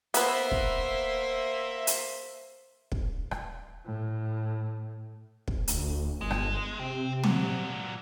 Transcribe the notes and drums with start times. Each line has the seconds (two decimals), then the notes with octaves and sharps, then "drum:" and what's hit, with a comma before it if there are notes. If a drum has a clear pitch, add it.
0.14 A#3 B3 B4 C5 E5, drum: hi-hat
0.51 drum: kick
1.87 drum: hi-hat
2.92 drum: kick
3.31 drum: rim click
3.85 A2
5.48 drum: kick
5.68 D2, drum: hi-hat
6.21 G1 G#3
6.31 drum: rim click
6.79 C3 C4
7.23 A#2 F#3, drum: tom